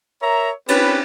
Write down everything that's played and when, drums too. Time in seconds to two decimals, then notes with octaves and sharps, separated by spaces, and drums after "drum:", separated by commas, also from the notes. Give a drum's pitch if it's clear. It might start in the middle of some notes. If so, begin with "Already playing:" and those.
0.22 A#4 C#5 E5 A#5
0.68 C4 C#4 G4 B4, drum: cymbal